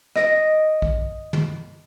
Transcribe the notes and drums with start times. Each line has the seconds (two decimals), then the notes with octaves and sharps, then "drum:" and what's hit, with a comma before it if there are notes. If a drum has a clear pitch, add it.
0.16 D#5 A#6 D7, drum: rim click
0.82 drum: kick A#1
1.33 drum: tom